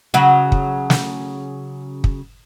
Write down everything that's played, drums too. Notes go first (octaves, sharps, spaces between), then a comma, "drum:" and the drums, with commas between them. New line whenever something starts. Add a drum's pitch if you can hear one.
C#3 F#3 F#4
drum: kick
drum: snare
drum: kick